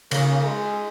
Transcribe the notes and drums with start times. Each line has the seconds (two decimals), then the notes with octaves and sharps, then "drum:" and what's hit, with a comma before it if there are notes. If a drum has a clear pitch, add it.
0.11 C#3 A#3, drum: cymbal
0.45 G#3